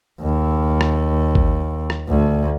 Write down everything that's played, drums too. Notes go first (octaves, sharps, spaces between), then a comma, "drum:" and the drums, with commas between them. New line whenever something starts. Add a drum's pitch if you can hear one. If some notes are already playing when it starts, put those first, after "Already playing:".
D#2
drum: rim click
drum: kick G#1
drum: rim click
D2